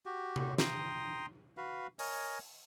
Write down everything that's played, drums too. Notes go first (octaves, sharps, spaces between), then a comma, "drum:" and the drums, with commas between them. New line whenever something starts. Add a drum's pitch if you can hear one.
F#4 G4
drum: tom C3
G5 A#5 C6 D#6, drum: snare
F#4 B4 F5
A#4 C#5 D#5 G#5, drum: open hi-hat